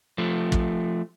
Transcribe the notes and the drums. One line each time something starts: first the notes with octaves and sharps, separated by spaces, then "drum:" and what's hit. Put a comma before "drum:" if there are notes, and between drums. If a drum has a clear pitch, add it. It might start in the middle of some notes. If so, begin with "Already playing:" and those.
F3 A3
drum: kick